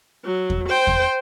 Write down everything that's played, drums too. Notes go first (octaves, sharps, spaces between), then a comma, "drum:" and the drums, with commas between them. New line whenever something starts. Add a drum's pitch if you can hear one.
F#3
drum: kick E2
C5 G5
drum: kick E2